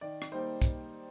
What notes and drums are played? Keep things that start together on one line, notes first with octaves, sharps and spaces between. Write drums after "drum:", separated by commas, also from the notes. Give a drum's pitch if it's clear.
D#3 D5
drum: rim click
G3 A#3 D#4 C5
drum: kick, hi-hat